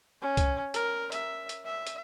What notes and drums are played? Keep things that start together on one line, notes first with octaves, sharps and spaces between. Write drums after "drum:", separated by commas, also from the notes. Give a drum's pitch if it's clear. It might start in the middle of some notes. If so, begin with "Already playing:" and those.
C#4
drum: kick C2, hi-hat
A#4, drum: hi-hat
E5, drum: hi-hat
drum: hi-hat
E5
drum: hi-hat